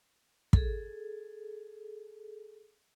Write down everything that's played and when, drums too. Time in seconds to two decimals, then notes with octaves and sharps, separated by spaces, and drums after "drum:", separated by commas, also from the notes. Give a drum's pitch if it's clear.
0.53 G#4 A4, drum: kick